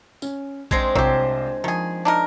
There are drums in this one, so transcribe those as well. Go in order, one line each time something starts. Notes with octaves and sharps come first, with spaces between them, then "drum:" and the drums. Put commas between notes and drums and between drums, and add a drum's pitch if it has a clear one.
C#4, drum: tambourine
G#3 C4 D4 G#6 A#6 C7, drum: kick A#1
C2 F#3 G4 C5, drum: kick A#1
D#3 F3 G#4
D4 D#4 A#4